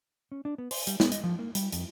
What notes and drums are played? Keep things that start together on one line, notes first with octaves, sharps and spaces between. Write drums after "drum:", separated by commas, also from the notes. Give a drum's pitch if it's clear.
C#4
D4
B3
C5, drum: open hi-hat
G3, drum: hi-hat
B3, drum: snare
D#5, drum: hi-hat
F3
A#3
G3, drum: hi-hat
F2, drum: hi-hat